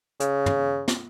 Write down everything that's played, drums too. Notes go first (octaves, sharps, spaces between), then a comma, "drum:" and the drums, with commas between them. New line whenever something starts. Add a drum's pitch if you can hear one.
C#3, drum: hi-hat
drum: tom
drum: snare